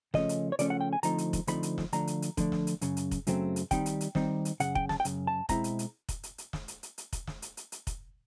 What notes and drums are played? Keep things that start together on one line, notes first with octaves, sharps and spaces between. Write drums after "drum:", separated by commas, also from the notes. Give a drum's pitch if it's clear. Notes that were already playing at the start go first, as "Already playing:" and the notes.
C#3 F3 A3 C#4 D#5, drum: snare
drum: hi-hat
C#5
C#3 F3 A3 C#4 D5, drum: hi-hat
F#5
G5
G#5
D3 F3 A3 C4 D#4 A#5, drum: hi-hat
drum: hi-hat
drum: kick, hi-hat
D3 F3 A3 C4 D#4 B5, drum: hi-hat
drum: hi-hat
drum: snare
D3 F3 A3 D4 A#5, drum: hi-hat
drum: hi-hat
drum: hi-hat
D3 F3 A3 D4, drum: kick, hi-hat
drum: snare
drum: hi-hat
F#2 C#3, drum: hi-hat
drum: hi-hat
drum: kick, hi-hat
F#2 C#3 F#3 A3 C4, drum: hi-hat
drum: hi-hat
D#3 G3 C4 D#4 G5, drum: kick, hi-hat
drum: hi-hat
drum: hi-hat
D#3 G3 C4 D#4, drum: snare
drum: hi-hat
F#2 C#3 F#5, drum: hi-hat
G5, drum: kick
A5, drum: snare
G5
F#2 C#3, drum: hi-hat
A5
B2 G#3 C4 E4 A#5, drum: kick, hi-hat
drum: hi-hat
drum: hi-hat
drum: kick, hi-hat
drum: hi-hat
drum: hi-hat
drum: snare
drum: hi-hat
drum: hi-hat
drum: hi-hat
drum: kick, hi-hat
drum: snare
drum: hi-hat
drum: hi-hat
drum: hi-hat
drum: kick, hi-hat